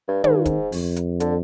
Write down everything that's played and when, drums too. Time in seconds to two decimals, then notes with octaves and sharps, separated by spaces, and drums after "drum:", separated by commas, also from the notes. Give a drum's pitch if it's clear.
0.08 G2
0.24 G#2 D#3, drum: tom
0.35 G2
0.45 G#2, drum: kick, hi-hat
0.72 F2, drum: open hi-hat
0.96 drum: hi-hat
1.20 D3, drum: hi-hat